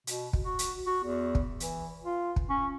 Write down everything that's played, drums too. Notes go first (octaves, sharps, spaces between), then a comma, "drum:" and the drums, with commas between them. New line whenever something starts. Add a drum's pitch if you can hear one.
B2, drum: hi-hat
drum: kick
F#4
drum: hi-hat
F#4
E2
drum: kick
E3, drum: hi-hat
F4
drum: kick
C#4